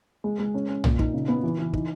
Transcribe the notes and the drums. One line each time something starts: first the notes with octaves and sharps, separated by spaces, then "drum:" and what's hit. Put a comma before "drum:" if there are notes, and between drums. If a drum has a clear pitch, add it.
G#3
G#3
C#4
C#4
A#2, drum: tom
D#4, drum: kick
C#3
B3
E3
E3
D#4, drum: kick